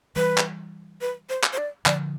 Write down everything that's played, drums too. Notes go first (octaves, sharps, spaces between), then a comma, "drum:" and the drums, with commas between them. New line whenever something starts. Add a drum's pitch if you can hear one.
E3 G3 B4
drum: clap
B4
C5
drum: clap
C5
D5
D3 F3 D5, drum: clap